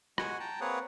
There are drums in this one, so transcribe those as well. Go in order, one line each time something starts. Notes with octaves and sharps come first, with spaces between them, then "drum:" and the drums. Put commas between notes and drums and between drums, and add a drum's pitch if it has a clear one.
G#3 F#4 F#5 G#5, drum: rim click
G5 A5 A#5
A#3 C4 G#4 B4 C#5 F#5